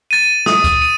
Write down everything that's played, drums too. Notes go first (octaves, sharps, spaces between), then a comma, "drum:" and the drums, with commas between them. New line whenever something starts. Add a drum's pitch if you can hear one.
A6 D#7
D#6, drum: snare
drum: kick, hi-hat
D#7